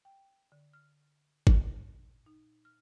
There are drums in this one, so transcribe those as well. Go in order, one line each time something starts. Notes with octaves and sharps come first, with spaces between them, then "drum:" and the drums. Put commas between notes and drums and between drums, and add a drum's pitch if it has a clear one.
G5
D3
F6
A#2, drum: kick G1
D#4
F6